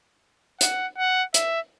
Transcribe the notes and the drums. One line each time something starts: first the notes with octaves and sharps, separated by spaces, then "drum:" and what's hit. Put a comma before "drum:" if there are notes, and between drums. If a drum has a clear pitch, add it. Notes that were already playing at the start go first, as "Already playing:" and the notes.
F#5, drum: hi-hat
F#5
E5, drum: hi-hat